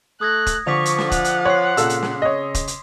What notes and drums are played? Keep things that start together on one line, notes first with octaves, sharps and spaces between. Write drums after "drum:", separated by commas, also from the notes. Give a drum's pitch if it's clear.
A3 D#6 F#6 G#6 A#6
drum: kick D#1, hi-hat
D3 F3 C#6 D6 B6 F7
drum: hi-hat
drum: snare
F#5, drum: kick D#1, hi-hat
drum: hi-hat
C#5 C6 C7
A#2 C#3 A4 E6, drum: hi-hat
drum: hi-hat
drum: snare
C#5 D#5
drum: kick D#1, hi-hat
drum: hi-hat